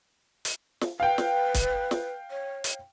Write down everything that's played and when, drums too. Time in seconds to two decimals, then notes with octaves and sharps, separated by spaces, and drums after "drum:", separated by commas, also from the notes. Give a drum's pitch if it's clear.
0.45 drum: hi-hat
0.81 drum: snare
1.00 B4 F5 G5
1.18 drum: snare
1.54 drum: kick, hi-hat
1.91 drum: snare
2.31 C#5
2.64 drum: hi-hat